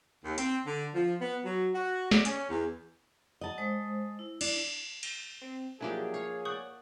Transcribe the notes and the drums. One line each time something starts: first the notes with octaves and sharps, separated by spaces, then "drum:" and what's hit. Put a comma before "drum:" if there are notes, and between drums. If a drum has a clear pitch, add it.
D#2
C4, drum: hi-hat
D3
F3
B3
F#3
F#4
D5, drum: snare
C#4, drum: hi-hat
E2
D#5 F#5 A5
G#3 C5 D#6
E4
D4, drum: cymbal
drum: cymbal
C4
F3 F#3 A#3 D4 E4 G4 G#4
C#5 F5
D5 F#5 C#6 D#6 G6